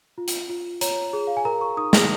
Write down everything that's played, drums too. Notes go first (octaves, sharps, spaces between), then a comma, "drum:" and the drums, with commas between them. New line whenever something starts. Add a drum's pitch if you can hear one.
F4
drum: hi-hat
F4
C#5 A#5, drum: hi-hat
G#4
F5
G#5
A#4 A#5
C#6
D#4 D#6
A#6, drum: snare